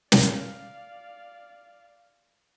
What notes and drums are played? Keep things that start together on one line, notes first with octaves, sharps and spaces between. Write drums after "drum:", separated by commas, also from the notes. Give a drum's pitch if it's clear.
D5 F5, drum: snare